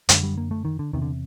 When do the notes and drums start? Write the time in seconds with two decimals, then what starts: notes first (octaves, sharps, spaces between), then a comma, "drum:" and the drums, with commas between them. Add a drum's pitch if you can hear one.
0.09 F#2 D3 G#3, drum: hi-hat
0.23 G3
0.38 A#3
0.51 A3
0.65 D#3
0.79 D3
0.93 E2 C3 D#3
1.02 D3